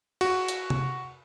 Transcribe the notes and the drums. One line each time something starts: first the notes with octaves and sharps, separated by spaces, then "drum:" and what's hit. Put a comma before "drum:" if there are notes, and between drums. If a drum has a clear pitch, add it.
F#4, drum: cymbal
drum: hi-hat
drum: tom C3